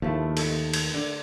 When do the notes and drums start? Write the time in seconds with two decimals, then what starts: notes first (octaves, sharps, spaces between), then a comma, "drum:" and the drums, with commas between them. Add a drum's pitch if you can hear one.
0.02 D#2 F3 A3 E4
0.37 A4 D#5 E5, drum: cymbal
0.74 drum: cymbal
0.94 D3